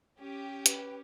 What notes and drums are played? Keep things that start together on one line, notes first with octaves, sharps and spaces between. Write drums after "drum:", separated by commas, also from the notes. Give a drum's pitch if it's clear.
C#4 G4
B4, drum: hi-hat